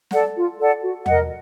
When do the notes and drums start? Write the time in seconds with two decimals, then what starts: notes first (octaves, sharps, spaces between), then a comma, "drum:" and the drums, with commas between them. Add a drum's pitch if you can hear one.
0.11 A4 D5 F#5, drum: snare
0.35 F4
0.59 A4 D5 F#5
0.82 F#4
1.06 A#4 D#5 F#5, drum: tom E2